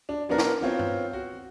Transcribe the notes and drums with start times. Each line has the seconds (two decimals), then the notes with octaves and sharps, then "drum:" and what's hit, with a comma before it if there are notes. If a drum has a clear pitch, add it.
0.09 D4
0.29 F#3 B3 D4 F#4 A#4 D5
0.38 drum: snare
0.62 B3 C4 F4 C#5
0.79 drum: tom G2
1.13 F#4